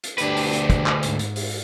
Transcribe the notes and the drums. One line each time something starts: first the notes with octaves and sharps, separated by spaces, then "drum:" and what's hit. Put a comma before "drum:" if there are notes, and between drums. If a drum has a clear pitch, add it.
drum: hi-hat
D2 D4 G4 B4, drum: hi-hat
drum: open hi-hat
drum: hi-hat
drum: kick, hi-hat
drum: clap
G#2, drum: hi-hat
drum: hi-hat
drum: open hi-hat